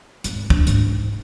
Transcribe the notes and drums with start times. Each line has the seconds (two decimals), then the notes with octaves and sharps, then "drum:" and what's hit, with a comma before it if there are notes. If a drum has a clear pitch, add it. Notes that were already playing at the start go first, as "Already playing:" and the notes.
0.24 G#1, drum: hi-hat
0.50 D4, drum: kick C2
0.67 G#2, drum: hi-hat